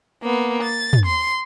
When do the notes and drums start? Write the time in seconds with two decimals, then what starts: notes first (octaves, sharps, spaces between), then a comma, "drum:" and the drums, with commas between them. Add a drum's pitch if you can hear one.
0.23 A#3 B3
0.63 A6
0.93 drum: tom
1.06 C6